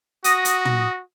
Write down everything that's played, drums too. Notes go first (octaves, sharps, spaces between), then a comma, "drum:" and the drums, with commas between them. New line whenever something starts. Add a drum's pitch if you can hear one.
F#4 D#6 A#6, drum: hi-hat
drum: hi-hat
drum: tom